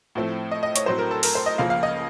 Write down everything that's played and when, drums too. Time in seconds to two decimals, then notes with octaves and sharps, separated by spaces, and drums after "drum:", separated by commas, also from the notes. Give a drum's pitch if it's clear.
0.15 A2 F3 A3 C4
0.51 D#5
0.63 D#5
0.76 C#5, drum: hi-hat
0.86 A2 F#3 C4 C5
0.98 A#4
1.11 A4
1.23 A#4, drum: open hi-hat
1.35 C5
1.46 D#5
1.58 C#2 C#3 F3 A#3 F5
1.70 F5
1.83 D#5